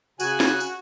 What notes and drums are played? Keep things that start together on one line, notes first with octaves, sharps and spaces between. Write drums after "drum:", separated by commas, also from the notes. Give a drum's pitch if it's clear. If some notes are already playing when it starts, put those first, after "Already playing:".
C#3 F#4 G#5 F#6, drum: tambourine
drum: snare
drum: tambourine